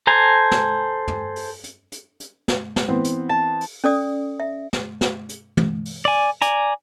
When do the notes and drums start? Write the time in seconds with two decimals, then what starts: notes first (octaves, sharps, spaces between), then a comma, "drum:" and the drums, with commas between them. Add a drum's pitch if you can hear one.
0.07 A4 C5 G#5 A#5
0.51 drum: snare
1.08 drum: tom
1.36 drum: open hi-hat
1.64 drum: hi-hat
1.92 drum: hi-hat
2.20 drum: hi-hat
2.48 drum: snare
2.76 drum: snare
2.88 E3 B3 C4
3.04 drum: hi-hat
3.29 A5
3.61 drum: open hi-hat
3.84 C#4 A4 D5 D#6
4.40 E5
4.73 drum: snare
5.01 drum: snare
5.29 drum: hi-hat
5.57 drum: tom
5.85 drum: open hi-hat
6.05 D5 G#5
6.42 D5 G#5 A#5, drum: hi-hat